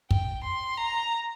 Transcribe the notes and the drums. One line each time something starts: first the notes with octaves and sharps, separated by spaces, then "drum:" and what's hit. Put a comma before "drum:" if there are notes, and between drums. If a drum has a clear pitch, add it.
G5, drum: kick
C6
A#5